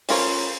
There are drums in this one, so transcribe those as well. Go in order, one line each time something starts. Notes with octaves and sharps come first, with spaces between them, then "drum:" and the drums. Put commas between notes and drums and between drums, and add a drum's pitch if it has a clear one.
F3 C#4 F4 A#4 C#5, drum: open hi-hat